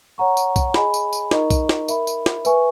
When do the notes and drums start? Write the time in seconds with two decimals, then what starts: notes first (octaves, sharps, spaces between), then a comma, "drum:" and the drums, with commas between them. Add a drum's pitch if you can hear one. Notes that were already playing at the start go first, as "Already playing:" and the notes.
0.18 C#5 F#5 A#5 C#6
0.37 drum: tambourine
0.56 drum: kick B1, tambourine
0.74 G#4 D#5 G#5 B5, drum: snare
0.94 drum: tambourine
1.13 drum: tambourine
1.31 D#4 A#4 D#5 A#5 C#6, drum: snare
1.50 drum: kick B1, tambourine
1.69 drum: snare
1.88 A#4 E5 B5, drum: tambourine
2.07 drum: tambourine
2.26 drum: snare
2.45 B4 E5 G#5 C#6, drum: tambourine